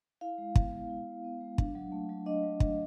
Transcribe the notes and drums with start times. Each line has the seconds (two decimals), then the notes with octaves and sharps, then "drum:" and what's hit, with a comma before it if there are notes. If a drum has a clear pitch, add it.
0.21 E4 F5
0.38 G#3
0.55 B3, drum: kick
0.73 G#3
0.90 E4
1.07 G#3
1.24 B3
1.41 G#3
1.58 D4, drum: kick
1.75 F#3
1.92 A3
2.09 F#3
2.26 D4 D#5
2.43 F#3
2.60 A3, drum: kick